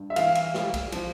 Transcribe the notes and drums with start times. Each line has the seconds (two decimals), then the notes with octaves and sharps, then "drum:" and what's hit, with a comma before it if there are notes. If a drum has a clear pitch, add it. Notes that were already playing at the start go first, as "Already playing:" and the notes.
Already playing: G2
0.10 E5
0.16 E3 F5, drum: cymbal
0.35 drum: cymbal
0.54 G3, drum: snare
0.74 drum: kick B1, cymbal
0.92 F3, drum: cymbal